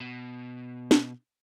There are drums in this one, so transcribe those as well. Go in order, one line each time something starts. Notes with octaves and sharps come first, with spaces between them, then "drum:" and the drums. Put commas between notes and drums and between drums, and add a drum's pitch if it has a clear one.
B2
drum: snare